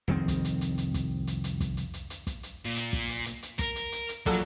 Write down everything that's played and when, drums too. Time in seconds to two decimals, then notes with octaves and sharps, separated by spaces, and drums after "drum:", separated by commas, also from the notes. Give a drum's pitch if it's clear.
0.08 C2 F2 D#3 C4
0.28 drum: kick, hi-hat
0.45 drum: hi-hat
0.61 drum: hi-hat
0.78 drum: hi-hat
0.94 drum: kick, hi-hat
1.27 drum: hi-hat
1.44 drum: hi-hat
1.60 drum: kick, hi-hat
1.77 drum: hi-hat
1.94 drum: hi-hat
2.10 drum: hi-hat
2.27 drum: kick, hi-hat
2.43 drum: hi-hat
2.65 A#2
2.76 drum: hi-hat
2.93 drum: kick
3.09 drum: hi-hat
3.26 drum: hi-hat
3.43 drum: hi-hat
3.59 A#4, drum: kick, hi-hat
3.76 drum: hi-hat
3.92 drum: hi-hat
4.09 drum: hi-hat
4.26 A#1 F#3 A4 F#5, drum: kick